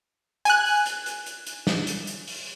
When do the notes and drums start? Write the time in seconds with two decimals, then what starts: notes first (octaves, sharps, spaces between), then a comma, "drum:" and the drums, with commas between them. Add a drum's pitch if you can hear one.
0.45 G#5 F#6, drum: hi-hat
0.66 drum: open hi-hat
0.86 drum: hi-hat
1.06 drum: hi-hat
1.26 drum: hi-hat
1.47 drum: hi-hat
1.67 drum: snare
1.87 drum: hi-hat
2.07 drum: hi-hat
2.27 drum: open hi-hat